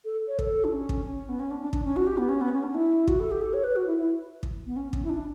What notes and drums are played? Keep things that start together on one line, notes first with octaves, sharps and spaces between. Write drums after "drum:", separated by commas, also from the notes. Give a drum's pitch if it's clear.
A4
C#5
A4, drum: kick
D4
C#4
drum: kick
C#4
B3
C#4
D4
D4
D4, drum: kick
C#4
F#4
G4
B3
C#4
B3
C#4
D4
E4
F#4, drum: kick
A4
G4
A4
C#5
B4
F#4
E4
E4
drum: kick
B3
C#4
C#4, drum: kick
E4
D4